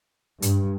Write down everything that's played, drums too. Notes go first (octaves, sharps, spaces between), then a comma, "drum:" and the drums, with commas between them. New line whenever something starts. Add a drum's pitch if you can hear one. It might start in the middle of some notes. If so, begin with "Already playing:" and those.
G2, drum: hi-hat